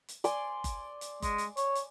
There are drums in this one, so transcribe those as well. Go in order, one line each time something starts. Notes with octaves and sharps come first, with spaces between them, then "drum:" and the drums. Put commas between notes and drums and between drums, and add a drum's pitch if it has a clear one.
drum: hi-hat
D5 G#5 C6, drum: hi-hat
drum: kick F#1, hi-hat
drum: hi-hat
G#3, drum: kick F#1, hi-hat
drum: hi-hat
C#5, drum: hi-hat
drum: hi-hat